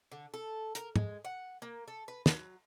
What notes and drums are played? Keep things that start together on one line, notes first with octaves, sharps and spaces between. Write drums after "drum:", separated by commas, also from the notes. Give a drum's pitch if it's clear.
D3
A4
A#4, drum: hi-hat
G#3, drum: tom
F#5
A#3
A4
B4
F#3, drum: snare